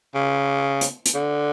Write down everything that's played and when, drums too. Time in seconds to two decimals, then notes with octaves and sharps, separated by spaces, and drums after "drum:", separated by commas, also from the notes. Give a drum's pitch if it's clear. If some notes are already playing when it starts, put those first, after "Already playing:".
0.15 C#3
0.81 drum: hi-hat
1.06 drum: hi-hat
1.15 D3